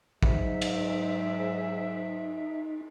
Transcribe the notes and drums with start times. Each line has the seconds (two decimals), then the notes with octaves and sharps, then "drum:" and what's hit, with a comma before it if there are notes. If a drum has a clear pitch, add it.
0.23 G#2 F#3 D#4 E5, drum: kick
0.62 drum: cymbal